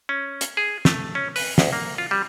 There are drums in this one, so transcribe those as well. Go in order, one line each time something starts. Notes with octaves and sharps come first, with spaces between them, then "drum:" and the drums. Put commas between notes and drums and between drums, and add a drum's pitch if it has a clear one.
C#4
drum: hi-hat
G#4
A3, drum: snare
C#4
B4, drum: open hi-hat
D2, drum: snare
A#3
F4
G3